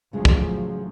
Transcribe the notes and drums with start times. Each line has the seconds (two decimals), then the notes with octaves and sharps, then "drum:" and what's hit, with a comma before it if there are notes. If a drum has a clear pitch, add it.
0.13 A1 C#3 F3 F#3 G#3
0.25 drum: kick